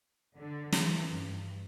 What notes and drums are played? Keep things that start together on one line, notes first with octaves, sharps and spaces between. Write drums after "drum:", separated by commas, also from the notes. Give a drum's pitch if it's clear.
D3
E3, drum: snare
G2